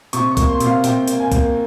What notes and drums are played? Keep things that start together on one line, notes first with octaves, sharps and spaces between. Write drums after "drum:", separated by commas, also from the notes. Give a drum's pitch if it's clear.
C3 C#6, drum: hi-hat
C#6
A#3, drum: kick C2, hi-hat
C6
C3, drum: hi-hat
F5
C3 G5, drum: hi-hat
A#3, drum: hi-hat
G#5
A#3, drum: kick C2, hi-hat